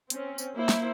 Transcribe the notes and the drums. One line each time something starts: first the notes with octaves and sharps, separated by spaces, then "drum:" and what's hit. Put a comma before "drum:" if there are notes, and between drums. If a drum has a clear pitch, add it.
C4 C#4, drum: hi-hat
drum: tambourine
A#3 E4 C5
drum: snare